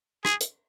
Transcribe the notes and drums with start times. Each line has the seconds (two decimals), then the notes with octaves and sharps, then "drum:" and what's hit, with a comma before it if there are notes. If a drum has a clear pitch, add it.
0.25 G#4, drum: rim click
0.41 drum: hi-hat